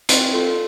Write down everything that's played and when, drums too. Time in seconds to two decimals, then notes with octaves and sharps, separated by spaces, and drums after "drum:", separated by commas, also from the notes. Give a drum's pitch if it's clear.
0.09 C4 C6, drum: hi-hat
0.33 F4 A4